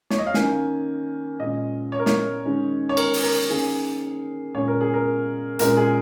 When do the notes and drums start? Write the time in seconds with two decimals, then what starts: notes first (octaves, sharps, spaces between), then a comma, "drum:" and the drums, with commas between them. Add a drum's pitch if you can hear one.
0.10 C#5, drum: snare
0.18 D#5
0.26 F5
0.34 D#3 A#3 C#4 G#5, drum: snare
1.39 A#2 G#3 C#4 D#5
1.92 C#5
1.99 A#4
2.06 C#5, drum: snare
2.45 D#3 G#3 C#4
2.89 C#5
2.97 A#4, drum: cymbal
3.13 drum: open hi-hat
3.23 A#4
3.50 D#3 A#3 C#4 G#4
4.55 A#2 G#3 C#4 C#5
4.68 A#4
4.81 G#4
4.94 A#4
5.59 A#2 G#3 C#4 A#4, drum: hi-hat
5.77 G#4